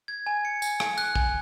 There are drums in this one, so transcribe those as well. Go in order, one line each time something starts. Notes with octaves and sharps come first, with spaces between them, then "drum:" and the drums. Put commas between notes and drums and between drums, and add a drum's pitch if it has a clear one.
G#6
G#5
C#7
G#5, drum: tambourine
G#5, drum: rim click
F#6, drum: tambourine
G#5, drum: kick